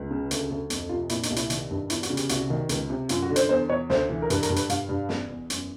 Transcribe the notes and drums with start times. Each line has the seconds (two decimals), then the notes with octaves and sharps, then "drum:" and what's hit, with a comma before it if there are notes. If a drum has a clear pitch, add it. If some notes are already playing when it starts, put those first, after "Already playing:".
Already playing: C#2
0.11 C#3
0.31 D2, drum: hi-hat
0.50 D2
0.70 F2, drum: hi-hat
0.89 C3 F4
1.09 A#2 E4, drum: hi-hat
1.23 D#4, drum: hi-hat
1.30 C2
1.36 E4, drum: hi-hat
1.50 D#3, drum: hi-hat
1.71 G2
1.90 E2 E4, drum: hi-hat
2.03 F#4, drum: hi-hat
2.10 C#3
2.17 G4, drum: hi-hat
2.29 C2 F#4, drum: hi-hat
2.50 D#3
2.69 C#2, drum: hi-hat
2.90 C3
3.09 F#2 F4, drum: hi-hat
3.22 F#4
3.30 D3
3.36 C5, drum: hi-hat
3.49 E2 C5
3.69 E2 C#5
3.90 D2 C5, drum: snare
4.10 E3
4.22 A#4
4.30 G2 B4, drum: hi-hat
4.43 A#4, drum: hi-hat
4.50 G2
4.56 B4, drum: hi-hat
4.69 G2 F5, drum: hi-hat
4.89 G2
5.09 E2, drum: snare
5.30 E2
5.50 F#2, drum: hi-hat